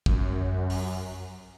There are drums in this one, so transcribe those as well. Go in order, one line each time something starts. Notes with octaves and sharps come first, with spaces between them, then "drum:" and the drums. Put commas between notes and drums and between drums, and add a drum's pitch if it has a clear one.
F#2, drum: kick
drum: open hi-hat